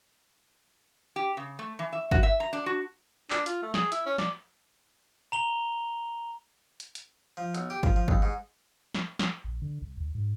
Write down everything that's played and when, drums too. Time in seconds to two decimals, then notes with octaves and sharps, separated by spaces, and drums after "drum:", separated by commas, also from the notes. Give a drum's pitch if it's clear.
1.16 G4
1.37 C#3
1.59 A3
1.79 E3
1.93 E5
2.11 F#4, drum: kick
2.23 E5
2.40 A#5
2.53 D4
2.66 F#4
3.30 D4, drum: clap
3.46 F4, drum: hi-hat
3.62 A3
3.74 G#4, drum: snare
3.92 E4, drum: hi-hat
4.06 C#4
4.18 D5, drum: snare
5.32 A#5 F7 G7
6.80 drum: hi-hat
6.95 drum: hi-hat
7.37 F3
7.55 B1, drum: hi-hat
7.70 G4
7.83 F3, drum: kick
7.96 F3
8.08 D#2, drum: kick
8.22 G#2
8.94 drum: snare
9.19 drum: snare
9.44 A#1
9.62 D3
9.82 C2
9.97 D2
10.15 G#2